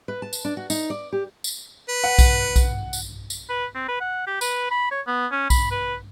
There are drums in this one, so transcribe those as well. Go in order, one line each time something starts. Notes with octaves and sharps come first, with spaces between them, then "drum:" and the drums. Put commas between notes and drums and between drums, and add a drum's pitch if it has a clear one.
B4
A5
drum: tambourine
D4
F#4
D#4, drum: tambourine
D5
G4
drum: tambourine
B4
F#5
drum: kick B1, tambourine
drum: kick B1, tambourine
drum: tambourine
drum: tambourine
B4
C4
B4
F#5
G4
B4, drum: tambourine
B5
C#5
B3
C#4
B5, drum: kick B1, tambourine
B4